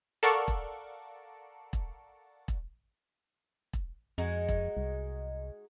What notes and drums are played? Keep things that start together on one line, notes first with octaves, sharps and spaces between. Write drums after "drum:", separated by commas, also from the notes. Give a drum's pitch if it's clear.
A4 A#4 D5 F5 F#5 C#6
drum: kick E1
drum: kick E1
drum: kick E1
drum: kick E1
F2 G#3 D#4 F#4
drum: kick E1
C2